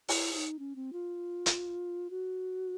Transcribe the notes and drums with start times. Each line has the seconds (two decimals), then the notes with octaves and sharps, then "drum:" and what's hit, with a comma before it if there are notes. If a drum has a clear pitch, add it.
0.08 E4, drum: open hi-hat
0.34 E4
0.37 D#4
0.59 C#4
0.76 C4
0.93 F4
1.46 drum: hi-hat
2.10 F#4